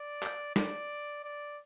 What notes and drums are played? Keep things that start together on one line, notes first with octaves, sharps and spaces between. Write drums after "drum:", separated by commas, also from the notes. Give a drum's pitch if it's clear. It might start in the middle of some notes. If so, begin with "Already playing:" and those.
Already playing: D5
drum: clap
D5, drum: snare
D5